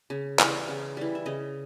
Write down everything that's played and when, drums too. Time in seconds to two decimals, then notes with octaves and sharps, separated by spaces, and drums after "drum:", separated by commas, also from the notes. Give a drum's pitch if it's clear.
0.10 C#3
0.39 E3 G3, drum: clap
0.68 C#3
0.97 E3 G3
1.15 E5
1.26 C#3 D#5